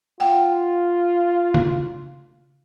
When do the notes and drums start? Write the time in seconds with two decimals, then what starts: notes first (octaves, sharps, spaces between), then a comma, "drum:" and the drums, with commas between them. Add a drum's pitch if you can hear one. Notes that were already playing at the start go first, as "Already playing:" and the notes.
0.20 F4 F#5 G5
1.54 drum: tom C#3